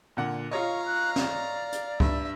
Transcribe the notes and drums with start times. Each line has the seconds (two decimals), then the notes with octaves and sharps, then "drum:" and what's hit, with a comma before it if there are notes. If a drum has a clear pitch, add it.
0.17 A#2 D3 F#5
0.51 F4 C#5 D#5 F5 A#5 C#6
0.86 F#6
1.16 D5, drum: snare
1.72 drum: hi-hat
2.00 G2 E5, drum: kick C#2